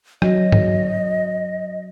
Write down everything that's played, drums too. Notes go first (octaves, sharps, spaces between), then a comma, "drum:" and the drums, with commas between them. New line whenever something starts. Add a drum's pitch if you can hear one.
F#3 D#5, drum: rim click
drum: tom G2